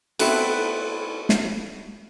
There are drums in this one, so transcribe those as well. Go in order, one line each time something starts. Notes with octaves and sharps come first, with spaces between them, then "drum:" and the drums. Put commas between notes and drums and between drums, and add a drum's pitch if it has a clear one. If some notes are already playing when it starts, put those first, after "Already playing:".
A3 B3 C4 E4 F#4 A4, drum: cymbal
drum: snare